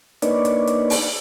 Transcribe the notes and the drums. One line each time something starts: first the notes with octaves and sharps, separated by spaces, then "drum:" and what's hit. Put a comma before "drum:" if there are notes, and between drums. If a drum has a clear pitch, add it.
A#3 D4 D#4 B4 C#5 D5, drum: hi-hat
drum: hi-hat
drum: hi-hat
drum: open hi-hat